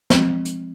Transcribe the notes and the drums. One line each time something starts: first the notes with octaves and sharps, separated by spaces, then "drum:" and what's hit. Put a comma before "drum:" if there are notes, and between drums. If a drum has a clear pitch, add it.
F3 G#3 C4, drum: snare
drum: hi-hat